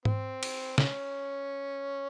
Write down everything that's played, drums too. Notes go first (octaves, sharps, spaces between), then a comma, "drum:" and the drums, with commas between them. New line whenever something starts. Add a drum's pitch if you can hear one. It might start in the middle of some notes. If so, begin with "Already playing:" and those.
C4, drum: tom G#2
drum: cymbal
C#4, drum: snare